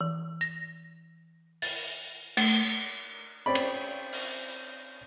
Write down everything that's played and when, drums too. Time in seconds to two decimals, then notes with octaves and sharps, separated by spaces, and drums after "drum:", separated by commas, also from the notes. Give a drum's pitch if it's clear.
0.01 E3
0.41 A#6
1.62 A6, drum: open hi-hat
2.37 A3, drum: cymbal
3.46 C4 C#4 D5 B5
3.55 drum: cymbal
4.13 drum: open hi-hat